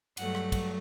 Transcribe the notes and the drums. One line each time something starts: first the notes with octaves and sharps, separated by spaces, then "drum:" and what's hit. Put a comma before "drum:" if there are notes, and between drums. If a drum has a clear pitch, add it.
G2 F#3 A3 F#5, drum: cymbal
drum: rim click
drum: kick, cymbal